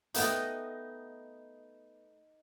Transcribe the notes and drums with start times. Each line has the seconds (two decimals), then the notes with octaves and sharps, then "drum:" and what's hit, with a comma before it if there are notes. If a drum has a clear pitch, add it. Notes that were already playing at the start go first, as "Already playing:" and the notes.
0.14 A3 B3 D#4 D#5 G5, drum: hi-hat